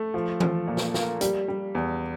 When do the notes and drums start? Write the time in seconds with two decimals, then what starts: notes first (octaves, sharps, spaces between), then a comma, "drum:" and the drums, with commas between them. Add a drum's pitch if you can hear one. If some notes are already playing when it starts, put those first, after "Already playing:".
Already playing: A3
0.14 F3
0.40 F3, drum: tom E3
0.67 A#2
0.77 drum: snare
0.94 A#3, drum: snare
1.21 G3, drum: hi-hat
1.48 G3
1.75 E2